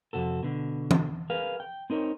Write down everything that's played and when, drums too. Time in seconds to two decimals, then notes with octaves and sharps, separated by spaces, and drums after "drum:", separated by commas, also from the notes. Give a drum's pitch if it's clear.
0.13 F2 G#2 C3 F#4 A4
0.43 B2 D3
0.91 drum: tom E3
1.30 G#4 A#4 B4 F5
1.60 G5
1.90 C4 D#4 A#4 B4 C#5